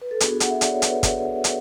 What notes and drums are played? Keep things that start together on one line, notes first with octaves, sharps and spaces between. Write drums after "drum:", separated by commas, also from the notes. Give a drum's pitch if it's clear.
B4
A4
B3 D4 F#4 G#4, drum: hi-hat
F#5, drum: hi-hat
E5
D5, drum: hi-hat
C#5
B4, drum: hi-hat
drum: kick, hi-hat
drum: hi-hat